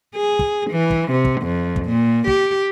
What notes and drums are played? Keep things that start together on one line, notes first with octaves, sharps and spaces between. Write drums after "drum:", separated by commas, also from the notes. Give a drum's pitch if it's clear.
G#4
drum: kick
E3
drum: kick
C3
drum: kick
F2
drum: kick
A#2
G4, drum: kick